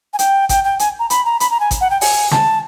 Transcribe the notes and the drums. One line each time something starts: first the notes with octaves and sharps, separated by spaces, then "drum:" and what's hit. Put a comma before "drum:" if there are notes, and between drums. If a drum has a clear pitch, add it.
G#5
G5, drum: hi-hat
G5, drum: kick G#1, hi-hat
G5
G#5, drum: hi-hat
A#5
B5, drum: hi-hat
A#5
B5, drum: hi-hat
A#5
G#5
drum: kick G#1, hi-hat
F#5
G5
G#5, drum: open hi-hat
A5, drum: snare